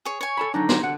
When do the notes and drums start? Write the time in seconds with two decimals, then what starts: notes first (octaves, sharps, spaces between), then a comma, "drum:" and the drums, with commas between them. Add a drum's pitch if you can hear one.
0.05 G#4 C#5
0.21 C#5 G#5 C#6
0.37 A4 A5 B5
0.54 D3 F#3 D4 D#4
0.69 C6, drum: snare
0.83 D3 F#5